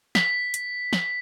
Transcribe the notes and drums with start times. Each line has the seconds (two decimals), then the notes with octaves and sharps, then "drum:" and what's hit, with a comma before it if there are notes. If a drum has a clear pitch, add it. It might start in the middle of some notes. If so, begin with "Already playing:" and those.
0.15 B6, drum: snare
0.54 drum: hi-hat
0.93 drum: snare